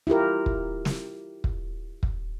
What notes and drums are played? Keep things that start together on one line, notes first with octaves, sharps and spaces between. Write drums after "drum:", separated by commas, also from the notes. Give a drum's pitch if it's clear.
E4 F4 G4 A#4
drum: kick
drum: snare
drum: kick
drum: kick